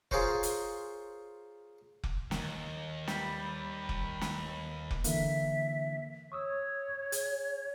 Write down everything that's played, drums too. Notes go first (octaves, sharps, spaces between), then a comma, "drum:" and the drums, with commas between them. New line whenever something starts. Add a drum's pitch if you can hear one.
F4 G#4 A#4 C5 C#5, drum: kick F1
drum: hi-hat
drum: kick F1
D#2 D#3, drum: snare
G3 B4, drum: snare
drum: kick F1
drum: snare
drum: kick F1
D3 E3 A#3 E5, drum: hi-hat
C#5 C#6 D#6 E6
G#4, drum: hi-hat